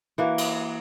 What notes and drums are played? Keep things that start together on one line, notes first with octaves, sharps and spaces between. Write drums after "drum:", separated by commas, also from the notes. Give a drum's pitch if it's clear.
E3 A#3 F#4 A#4
drum: cymbal